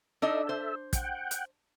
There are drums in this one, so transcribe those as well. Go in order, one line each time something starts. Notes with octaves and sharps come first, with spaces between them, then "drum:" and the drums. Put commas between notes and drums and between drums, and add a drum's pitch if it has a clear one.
D4 D#4 A4 D#5 E5
C5
F#5 G5, drum: kick, hi-hat
drum: hi-hat